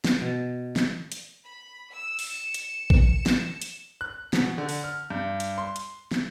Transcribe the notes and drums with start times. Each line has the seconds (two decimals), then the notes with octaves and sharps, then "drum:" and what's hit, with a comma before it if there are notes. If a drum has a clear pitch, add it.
0.04 drum: snare
0.21 B2
0.76 drum: snare
1.12 drum: hi-hat
1.44 B5
1.91 E6
2.19 drum: open hi-hat
2.29 C#7 E7
2.54 drum: hi-hat
2.90 drum: kick A#1
3.26 drum: snare
3.62 drum: hi-hat
4.01 F#6
4.33 B2, drum: snare
4.58 D3
4.69 drum: open hi-hat
4.84 F6
5.10 G2
5.40 drum: hi-hat
5.58 C6
5.76 drum: hi-hat
6.11 drum: snare